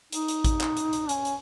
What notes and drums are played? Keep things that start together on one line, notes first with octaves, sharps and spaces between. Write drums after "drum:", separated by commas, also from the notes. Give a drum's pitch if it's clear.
D#4, drum: hi-hat
drum: hi-hat
drum: kick, hi-hat
drum: clap
drum: hi-hat
drum: hi-hat
C#4, drum: hi-hat
drum: hi-hat